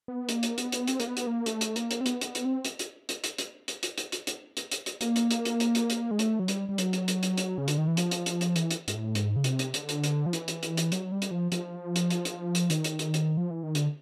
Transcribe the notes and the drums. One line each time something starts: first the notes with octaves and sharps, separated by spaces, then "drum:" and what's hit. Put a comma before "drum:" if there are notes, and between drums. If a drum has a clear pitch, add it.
B3
A#3, drum: hi-hat
drum: hi-hat
B3, drum: hi-hat
drum: hi-hat
C4, drum: hi-hat
A#3, drum: hi-hat
B3
drum: hi-hat
A#3
A3, drum: hi-hat
drum: hi-hat
A#3, drum: hi-hat
drum: hi-hat
C4
B3, drum: hi-hat
C4, drum: hi-hat
B3
drum: hi-hat
C4
drum: hi-hat
drum: hi-hat
drum: hi-hat
drum: hi-hat
drum: hi-hat
drum: hi-hat
drum: hi-hat
drum: hi-hat
drum: hi-hat
drum: hi-hat
drum: hi-hat
drum: hi-hat
drum: hi-hat
A#3, drum: hi-hat
drum: hi-hat
drum: hi-hat
drum: hi-hat
drum: hi-hat
drum: hi-hat
drum: hi-hat
G#3
A3, drum: hi-hat
F#3
G3, drum: hi-hat
G3
F#3, drum: hi-hat
drum: hi-hat
drum: hi-hat
drum: hi-hat
drum: hi-hat
C#3
D3, drum: hi-hat
D#3
E3
F3, drum: hi-hat
drum: hi-hat
drum: hi-hat
drum: hi-hat
E3, drum: hi-hat
drum: hi-hat
G#2, drum: hi-hat
A2
G#2, drum: hi-hat
C#3
C3, drum: hi-hat
drum: hi-hat
D3, drum: hi-hat
drum: hi-hat
drum: hi-hat
F3
E3, drum: hi-hat
drum: hi-hat
drum: hi-hat
drum: hi-hat
F#3, drum: hi-hat
G3
drum: hi-hat
F3
F3, drum: hi-hat
drum: hi-hat
drum: hi-hat
drum: hi-hat
drum: hi-hat
D#3, drum: hi-hat
drum: hi-hat
drum: hi-hat
drum: hi-hat
F3
E3
D#3
D3, drum: hi-hat